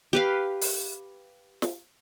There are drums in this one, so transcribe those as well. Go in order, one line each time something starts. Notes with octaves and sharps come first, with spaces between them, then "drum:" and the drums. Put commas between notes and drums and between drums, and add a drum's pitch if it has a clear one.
G4 B4 F5
drum: open hi-hat
drum: snare